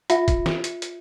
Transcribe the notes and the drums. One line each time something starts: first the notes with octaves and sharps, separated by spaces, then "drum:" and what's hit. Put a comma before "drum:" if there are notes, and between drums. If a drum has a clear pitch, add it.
F4 E5, drum: hi-hat
drum: kick, hi-hat
drum: snare
drum: hi-hat
drum: hi-hat